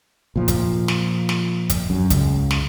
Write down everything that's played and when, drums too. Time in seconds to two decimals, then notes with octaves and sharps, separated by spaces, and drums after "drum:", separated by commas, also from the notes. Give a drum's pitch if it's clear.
0.36 A#2 F3
0.48 drum: kick, hi-hat
0.88 drum: snare
1.29 drum: snare
1.70 drum: kick, hi-hat
1.90 F#2
2.10 C#2, drum: kick, hi-hat
2.51 drum: snare